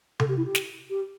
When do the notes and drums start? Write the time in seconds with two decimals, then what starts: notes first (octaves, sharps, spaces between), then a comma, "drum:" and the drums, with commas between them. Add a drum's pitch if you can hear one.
0.20 A4, drum: tom C3
0.28 G4
0.37 E4
0.46 G4
0.55 drum: snare
0.90 G4